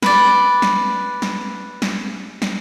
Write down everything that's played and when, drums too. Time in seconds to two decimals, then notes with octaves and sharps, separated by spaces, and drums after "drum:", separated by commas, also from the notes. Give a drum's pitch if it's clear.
0.02 B4 D5, drum: snare
0.62 drum: snare
1.22 drum: snare
1.82 drum: snare
2.42 drum: snare